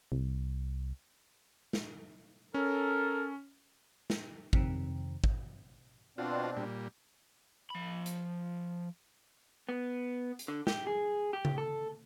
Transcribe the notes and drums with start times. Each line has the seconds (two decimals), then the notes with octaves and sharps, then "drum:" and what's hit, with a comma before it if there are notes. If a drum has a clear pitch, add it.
0.12 C2
1.73 drum: snare
2.54 C#4 A4 A#4
4.10 drum: snare
4.53 F2 C3 D#3, drum: kick G#1
5.24 drum: kick G#1
6.18 B2 C4 D4 F4 F#4 C5
6.57 A#2 G3
7.70 F3 B5
8.06 drum: hi-hat
9.69 B3
10.39 drum: hi-hat
10.48 D3
10.67 G4, drum: snare
10.87 G#4
11.33 G4
11.45 drum: tom C#3
11.58 A4